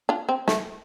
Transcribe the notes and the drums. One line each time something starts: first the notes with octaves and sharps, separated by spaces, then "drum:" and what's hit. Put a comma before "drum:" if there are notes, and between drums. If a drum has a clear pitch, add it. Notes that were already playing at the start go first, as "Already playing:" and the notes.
D4 F4
C4
A3, drum: snare